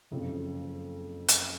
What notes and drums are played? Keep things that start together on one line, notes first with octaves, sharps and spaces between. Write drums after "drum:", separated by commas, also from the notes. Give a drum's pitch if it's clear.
F#1 F2 C#3 F3
drum: hi-hat